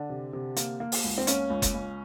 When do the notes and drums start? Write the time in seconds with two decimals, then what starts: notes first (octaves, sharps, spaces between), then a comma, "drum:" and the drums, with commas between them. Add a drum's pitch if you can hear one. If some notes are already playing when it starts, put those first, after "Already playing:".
Already playing: D3 D4
0.10 C3
0.33 C3
0.56 A#3, drum: hi-hat
0.80 A#3
0.92 drum: open hi-hat
1.04 C#2
1.18 C4
1.27 A#3 C#4, drum: hi-hat
1.50 C#2
1.62 drum: kick F#1, hi-hat
1.74 C#2